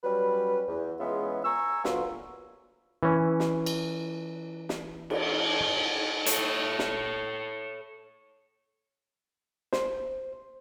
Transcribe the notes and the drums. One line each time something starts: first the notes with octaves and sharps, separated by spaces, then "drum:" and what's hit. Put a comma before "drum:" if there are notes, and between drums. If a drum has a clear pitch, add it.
F#3 G3 C#4 B4
E2
E2 G#3 B3 C#4 F4 E5
G#5 A#5 C#6 E6
D2 A#2 F#3 B3 F4, drum: snare
E3 C#4
drum: snare
drum: cymbal
drum: snare
drum: cymbal
A4 C#5, drum: hi-hat
drum: snare
C5, drum: snare